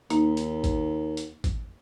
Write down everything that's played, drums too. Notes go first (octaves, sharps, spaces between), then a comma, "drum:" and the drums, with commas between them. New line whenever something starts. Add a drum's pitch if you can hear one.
D#2 A#3 D#4, drum: hi-hat
drum: hi-hat
drum: kick G#1, hi-hat
drum: hi-hat
drum: kick G#1, hi-hat